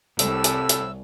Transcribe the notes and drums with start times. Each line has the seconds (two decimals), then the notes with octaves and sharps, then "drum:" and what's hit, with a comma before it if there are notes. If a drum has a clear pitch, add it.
0.19 C2 A2 A4 E6, drum: hi-hat
0.44 drum: hi-hat
0.69 drum: hi-hat